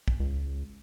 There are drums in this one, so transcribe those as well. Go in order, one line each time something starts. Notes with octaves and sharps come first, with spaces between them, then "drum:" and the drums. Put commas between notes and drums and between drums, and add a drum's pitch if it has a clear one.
drum: kick
C#2